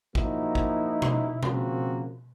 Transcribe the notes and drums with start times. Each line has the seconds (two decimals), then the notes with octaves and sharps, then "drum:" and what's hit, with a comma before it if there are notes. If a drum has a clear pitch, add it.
0.15 F3 A#3 D#4 E4 F#4, drum: kick
0.55 drum: kick
1.02 drum: tom B2
1.43 C#3 F3 A#3 C4 F#4, drum: tom B2